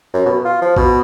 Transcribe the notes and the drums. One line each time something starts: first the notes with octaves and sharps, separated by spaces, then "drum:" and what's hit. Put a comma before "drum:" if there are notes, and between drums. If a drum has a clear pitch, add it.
F#2
B2
F4
F3
B2, drum: kick A1